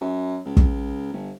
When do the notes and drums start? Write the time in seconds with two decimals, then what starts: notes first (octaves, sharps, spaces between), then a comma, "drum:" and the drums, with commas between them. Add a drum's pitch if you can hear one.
0.01 F#2
0.45 C#2
0.57 drum: kick
1.13 G1